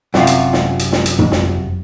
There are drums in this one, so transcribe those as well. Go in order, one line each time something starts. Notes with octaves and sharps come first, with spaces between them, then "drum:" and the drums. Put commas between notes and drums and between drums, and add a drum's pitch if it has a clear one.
F#2 C3 F4, drum: snare
drum: hi-hat
drum: snare
drum: hi-hat
drum: snare
drum: hi-hat
drum: tom
drum: snare